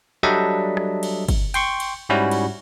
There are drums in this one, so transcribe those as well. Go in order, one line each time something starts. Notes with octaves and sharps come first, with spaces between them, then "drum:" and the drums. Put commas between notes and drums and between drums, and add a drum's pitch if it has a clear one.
F#3 G3 D4 A4 D#5 E5
drum: rim click
drum: cymbal
drum: kick, cymbal
G5 C6 C#6, drum: cymbal
drum: cymbal
G#2 G3 C#4 E4 F#4
drum: cymbal